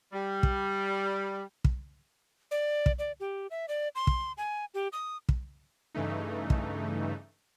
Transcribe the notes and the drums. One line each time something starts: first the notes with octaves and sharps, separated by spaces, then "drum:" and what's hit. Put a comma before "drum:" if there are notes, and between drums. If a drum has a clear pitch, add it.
G3
drum: kick
drum: kick
D5
drum: kick
D5
G4
E5
D5
C6
drum: kick
G#5
G4
D#6
drum: kick
G2 C#3 E3 A3 D#4
drum: kick